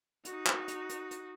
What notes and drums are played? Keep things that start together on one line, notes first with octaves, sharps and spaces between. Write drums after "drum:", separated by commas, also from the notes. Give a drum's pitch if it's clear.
D#4 F#4, drum: hi-hat
drum: clap
drum: hi-hat
drum: hi-hat
drum: hi-hat